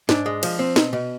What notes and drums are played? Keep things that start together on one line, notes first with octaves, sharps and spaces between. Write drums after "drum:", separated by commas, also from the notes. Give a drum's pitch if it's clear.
G#2 D4, drum: snare
G#3
F3, drum: cymbal
C4
B2, drum: snare
B2